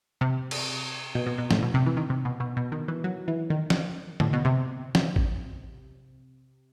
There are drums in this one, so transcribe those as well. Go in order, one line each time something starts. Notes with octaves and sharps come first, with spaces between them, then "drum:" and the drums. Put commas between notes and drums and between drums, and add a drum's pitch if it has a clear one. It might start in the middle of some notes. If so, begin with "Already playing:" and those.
C3
drum: cymbal
B2
B2
B2
A2, drum: snare
B2
C3
E3
D#3
C3
B2
B2
B2
D#3
E3
F#3
E3
D#3
drum: snare
A2, drum: tom D3
B2
C3
drum: snare
drum: kick G#1